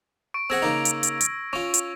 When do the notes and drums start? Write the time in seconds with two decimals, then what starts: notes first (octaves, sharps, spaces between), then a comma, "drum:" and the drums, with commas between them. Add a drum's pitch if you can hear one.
0.34 C#6 D7
0.50 C4 G#4 F#5 E6 G#6 A#6
0.62 C#3 A#3 D#4
0.85 drum: hi-hat
1.03 drum: hi-hat
1.21 drum: hi-hat
1.53 C#4 F4 C#6
1.74 drum: hi-hat